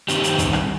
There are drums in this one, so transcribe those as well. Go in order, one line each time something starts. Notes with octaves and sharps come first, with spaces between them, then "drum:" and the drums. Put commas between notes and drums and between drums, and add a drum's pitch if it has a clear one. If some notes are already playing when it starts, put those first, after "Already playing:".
G2 D#3 G3 C4 D#4 G4, drum: hi-hat
drum: hi-hat
drum: kick, hi-hat
drum: rim click